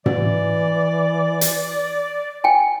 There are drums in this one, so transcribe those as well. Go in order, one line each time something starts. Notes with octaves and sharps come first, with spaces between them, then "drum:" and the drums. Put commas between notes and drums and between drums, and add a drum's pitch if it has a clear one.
E3 D5, drum: tom
drum: hi-hat
G5 G#5